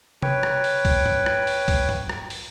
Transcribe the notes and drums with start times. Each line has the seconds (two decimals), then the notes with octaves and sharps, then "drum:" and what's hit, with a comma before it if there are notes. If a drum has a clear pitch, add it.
0.22 B4 C#5 G5, drum: tom C3
0.43 drum: rim click
0.64 drum: open hi-hat
0.85 drum: kick, open hi-hat
1.06 drum: tom G2
1.26 drum: rim click
1.47 drum: open hi-hat
1.68 drum: kick, open hi-hat
1.89 drum: tom G2
2.10 drum: rim click
2.30 drum: open hi-hat